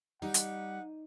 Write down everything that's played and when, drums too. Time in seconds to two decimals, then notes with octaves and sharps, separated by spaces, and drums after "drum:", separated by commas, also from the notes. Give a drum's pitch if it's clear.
0.22 G3 D#4 F#5
0.34 drum: hi-hat